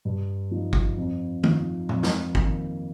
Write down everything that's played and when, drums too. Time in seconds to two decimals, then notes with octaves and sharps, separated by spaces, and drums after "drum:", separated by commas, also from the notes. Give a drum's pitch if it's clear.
0.05 G2
0.51 F3 D#4
0.73 drum: kick
0.97 F2
1.43 F3 D#4, drum: tom
1.89 F2, drum: tom
2.03 drum: snare
2.35 D#3 A#3, drum: kick